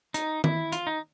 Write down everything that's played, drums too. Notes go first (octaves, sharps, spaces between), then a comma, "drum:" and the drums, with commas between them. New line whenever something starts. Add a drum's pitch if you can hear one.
D#4, drum: hi-hat
E4, drum: tom D#3
F4, drum: hi-hat
D#4